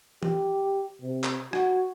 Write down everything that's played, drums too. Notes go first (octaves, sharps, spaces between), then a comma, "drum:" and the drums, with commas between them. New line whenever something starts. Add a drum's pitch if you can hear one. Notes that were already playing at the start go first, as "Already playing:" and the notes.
G4, drum: tom E3
C3
drum: clap
F#4, drum: rim click